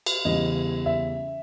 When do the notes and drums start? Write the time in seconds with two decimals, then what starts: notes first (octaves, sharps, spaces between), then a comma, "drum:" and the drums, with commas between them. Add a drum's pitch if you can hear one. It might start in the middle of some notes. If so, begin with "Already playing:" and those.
0.06 drum: cymbal
0.25 E2 C#3 E3 G3 D#5
0.86 E5